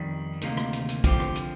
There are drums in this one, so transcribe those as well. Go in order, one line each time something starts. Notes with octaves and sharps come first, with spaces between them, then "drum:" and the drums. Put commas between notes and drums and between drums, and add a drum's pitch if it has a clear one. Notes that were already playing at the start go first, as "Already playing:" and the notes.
Already playing: F2 D#3 G3
D2 C3 D#3 G3 A#3, drum: hi-hat
drum: rim click
drum: hi-hat
drum: hi-hat
D3 F3 C4 G4, drum: kick, hi-hat
drum: rim click
drum: hi-hat